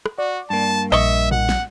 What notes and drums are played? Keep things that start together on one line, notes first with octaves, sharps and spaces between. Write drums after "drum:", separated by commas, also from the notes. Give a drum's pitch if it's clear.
drum: rim click
F#4 D5
G2 A#3 A5
A#1 D#5 E5 C#6
F#5, drum: tom A2
drum: snare